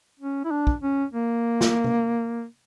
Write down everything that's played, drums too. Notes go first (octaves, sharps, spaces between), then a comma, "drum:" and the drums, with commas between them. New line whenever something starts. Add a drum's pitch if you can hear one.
C#4
E4
D4
drum: kick
C#4
A#3
drum: snare
drum: tom C3